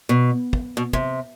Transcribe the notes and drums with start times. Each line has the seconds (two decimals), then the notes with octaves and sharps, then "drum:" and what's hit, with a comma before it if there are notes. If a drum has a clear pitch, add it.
0.09 B2
0.53 drum: kick
0.77 B2
0.93 C3, drum: kick